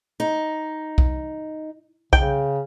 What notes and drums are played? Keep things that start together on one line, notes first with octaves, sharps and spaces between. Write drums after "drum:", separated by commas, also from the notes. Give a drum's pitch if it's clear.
D#4
drum: kick B1
C#3 G5, drum: kick B1